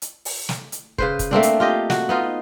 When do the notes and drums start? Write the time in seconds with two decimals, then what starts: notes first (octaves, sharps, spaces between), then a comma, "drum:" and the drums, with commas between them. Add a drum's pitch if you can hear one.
0.02 drum: hi-hat
0.25 drum: open hi-hat
0.49 drum: snare
0.72 drum: hi-hat
0.98 C#3 B4 C5, drum: kick
1.19 drum: kick, hi-hat
1.31 A3 A#3 C4 D4
1.43 drum: hi-hat
1.60 F4 G4 D#5
1.90 F#4, drum: snare
2.09 B3 D#4 F4